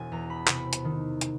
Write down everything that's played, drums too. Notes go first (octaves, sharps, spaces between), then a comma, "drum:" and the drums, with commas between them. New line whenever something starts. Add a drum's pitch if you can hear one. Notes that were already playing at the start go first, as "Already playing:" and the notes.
Already playing: E1 G#5
E2 A#5
B5
C3 B5, drum: clap
drum: hi-hat
D#3
drum: hi-hat